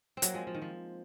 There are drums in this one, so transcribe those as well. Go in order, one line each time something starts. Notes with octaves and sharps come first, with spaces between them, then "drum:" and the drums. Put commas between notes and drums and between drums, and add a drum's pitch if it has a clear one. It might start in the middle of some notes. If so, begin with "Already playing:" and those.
C4
F#3 A#3, drum: hi-hat
F3 G#3
F3
D#3
F3